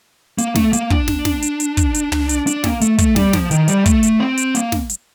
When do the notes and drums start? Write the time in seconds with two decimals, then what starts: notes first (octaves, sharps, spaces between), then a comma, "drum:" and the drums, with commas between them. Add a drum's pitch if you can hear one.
0.38 A#3, drum: hi-hat
0.55 A3, drum: snare
0.73 A#3, drum: hi-hat
0.90 D4, drum: kick
1.08 drum: snare
1.25 drum: snare
1.42 drum: hi-hat
1.60 drum: hi-hat
1.77 drum: kick, hi-hat
1.94 drum: hi-hat
2.12 drum: tom
2.29 drum: hi-hat
2.47 D4, drum: hi-hat
2.64 A#3, drum: snare
2.81 A3, drum: hi-hat
2.98 A3, drum: kick, hi-hat
3.16 G3, drum: snare
3.33 F3, drum: snare
3.51 D#3, drum: hi-hat
3.68 G3, drum: hi-hat
3.86 A3, drum: kick, hi-hat
4.03 drum: hi-hat
4.20 C4
4.37 drum: hi-hat
4.55 A#3, drum: hi-hat
4.72 drum: snare
4.90 drum: hi-hat